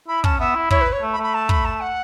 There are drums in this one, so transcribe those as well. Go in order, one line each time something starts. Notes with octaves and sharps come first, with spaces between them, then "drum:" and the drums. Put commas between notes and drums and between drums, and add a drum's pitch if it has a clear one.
E4 B5
C#4 A5, drum: kick
B3 E5
E4
E4 C#5, drum: kick
B4
C#5
A3
B5
A3
B5
A5
B5, drum: kick
A5
F#5